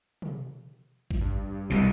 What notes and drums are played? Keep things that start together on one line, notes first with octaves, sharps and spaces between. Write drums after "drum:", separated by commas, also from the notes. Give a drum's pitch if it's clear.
drum: tom
drum: kick G#1
G2
C2 B2